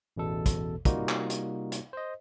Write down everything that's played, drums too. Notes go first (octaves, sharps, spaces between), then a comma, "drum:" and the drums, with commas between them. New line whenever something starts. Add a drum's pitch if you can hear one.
A1 E2 B2 A4
drum: kick, hi-hat
C3 G3 A#3 D#4 F4 F#4, drum: kick, hi-hat
drum: clap
drum: hi-hat
drum: hi-hat
C5 D#5